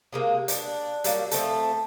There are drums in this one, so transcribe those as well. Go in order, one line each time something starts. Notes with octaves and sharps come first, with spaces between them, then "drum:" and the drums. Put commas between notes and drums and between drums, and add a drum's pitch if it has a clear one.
C3 G#3 A#3
D4, drum: hi-hat
F#3 G3 A#3, drum: hi-hat
F3 A3 C4 A4, drum: hi-hat